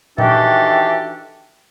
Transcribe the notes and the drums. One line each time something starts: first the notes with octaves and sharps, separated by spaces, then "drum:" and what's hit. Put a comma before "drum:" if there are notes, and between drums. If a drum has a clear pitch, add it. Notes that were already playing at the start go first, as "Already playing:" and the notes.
D#3 E3 D4 F#4 G4 A4, drum: tom A#2